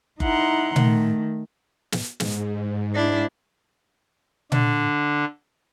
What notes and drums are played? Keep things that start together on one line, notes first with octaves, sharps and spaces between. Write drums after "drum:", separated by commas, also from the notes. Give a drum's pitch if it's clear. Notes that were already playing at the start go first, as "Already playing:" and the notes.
D#4 E4 F#5 A#5 C6, drum: kick F#1
D#3 A3, drum: tom A#2
drum: snare
G#2, drum: snare
D4 E4
D3 D4, drum: tom A#2